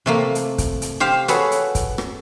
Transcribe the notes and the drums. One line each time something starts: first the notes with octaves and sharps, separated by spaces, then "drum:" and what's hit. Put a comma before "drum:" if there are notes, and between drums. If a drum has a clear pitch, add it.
C3 A3 A#3
drum: hi-hat
drum: kick, hi-hat
drum: hi-hat
G4 C5 F5
F#4 G#4 A4 B4 C#5, drum: hi-hat
drum: hi-hat
drum: kick, hi-hat
drum: rim click